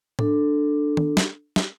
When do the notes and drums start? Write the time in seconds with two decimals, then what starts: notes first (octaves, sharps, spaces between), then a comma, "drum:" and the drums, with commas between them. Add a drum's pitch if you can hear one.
0.19 D4 A4, drum: tom A2
0.97 drum: tom D#3
1.17 drum: snare
1.56 drum: snare